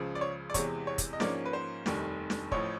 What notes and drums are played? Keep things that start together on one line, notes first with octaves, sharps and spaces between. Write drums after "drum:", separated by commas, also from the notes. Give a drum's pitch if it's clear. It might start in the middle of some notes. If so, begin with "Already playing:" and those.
Already playing: C#2 C#3 F3
D5
C#5
D5
E2 C3 E3 G#3 C#5, drum: kick, hi-hat
C#5
drum: kick, hi-hat
D#5
G#2 F3 A#3 C#4 D5, drum: snare
B4
C5
F1 D#2 D#3 G3, drum: snare
drum: snare
A1 A2 F3 C#5, drum: kick